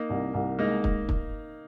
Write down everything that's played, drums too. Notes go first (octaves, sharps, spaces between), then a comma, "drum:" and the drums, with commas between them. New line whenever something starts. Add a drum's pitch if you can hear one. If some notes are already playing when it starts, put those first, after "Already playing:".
Already playing: A#3 D#4
C2
C2
G#3 A#3 D#4
drum: kick
drum: kick